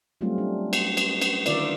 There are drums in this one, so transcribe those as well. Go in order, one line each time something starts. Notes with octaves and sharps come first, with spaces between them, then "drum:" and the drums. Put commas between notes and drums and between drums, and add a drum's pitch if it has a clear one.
F#3 G3 A3 C4 C#4 F4
D4
drum: cymbal
drum: cymbal
drum: cymbal
D3 D#3 F4 A#4 D5 E5, drum: cymbal